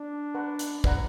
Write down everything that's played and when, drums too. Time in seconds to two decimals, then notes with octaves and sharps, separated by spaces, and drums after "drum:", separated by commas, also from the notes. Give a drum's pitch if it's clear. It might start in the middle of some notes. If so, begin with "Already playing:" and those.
Already playing: D4
0.35 B4 F#5 A#5 C#6
0.59 drum: hi-hat
0.84 B4 D5 F#5 A#5, drum: kick